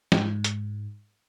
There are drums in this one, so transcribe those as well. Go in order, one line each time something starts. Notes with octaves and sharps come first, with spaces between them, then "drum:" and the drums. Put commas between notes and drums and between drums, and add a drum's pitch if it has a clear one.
G#2, drum: snare
drum: hi-hat